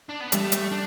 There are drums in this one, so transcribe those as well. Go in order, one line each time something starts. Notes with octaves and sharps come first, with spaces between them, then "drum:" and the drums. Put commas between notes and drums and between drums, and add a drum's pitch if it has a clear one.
D4
B3
G3 A3, drum: hi-hat
drum: hi-hat
D4